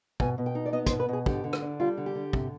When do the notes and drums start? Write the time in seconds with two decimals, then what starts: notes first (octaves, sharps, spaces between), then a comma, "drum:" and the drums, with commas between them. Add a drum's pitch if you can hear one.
0.20 B2 G#5, drum: kick
0.38 B2
0.46 G5
0.55 D#4
0.66 D5
0.73 B3 D#5
0.87 C5, drum: kick, hi-hat
0.91 B2
1.00 B4
1.09 B2 G#4
1.26 D3 G4, drum: kick
1.44 D3
1.53 drum: rim click
1.62 D4
1.80 G3 F4
1.97 D3
2.06 G4
2.15 D3
2.33 C3, drum: kick